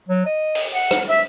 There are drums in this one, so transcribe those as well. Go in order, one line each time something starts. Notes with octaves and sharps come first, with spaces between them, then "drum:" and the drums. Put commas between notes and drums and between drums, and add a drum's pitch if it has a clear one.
F#3
D#5
drum: open hi-hat
F#5
drum: rim click
E5